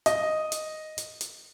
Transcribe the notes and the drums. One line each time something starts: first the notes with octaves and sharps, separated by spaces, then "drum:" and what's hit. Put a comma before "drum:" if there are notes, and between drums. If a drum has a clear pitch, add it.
D#5, drum: hi-hat
drum: hi-hat
drum: hi-hat
drum: hi-hat